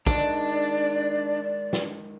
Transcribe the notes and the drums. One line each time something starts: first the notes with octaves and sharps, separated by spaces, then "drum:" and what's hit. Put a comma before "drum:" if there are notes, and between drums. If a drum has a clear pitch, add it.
G#2 D#3 D4 D5, drum: kick
drum: snare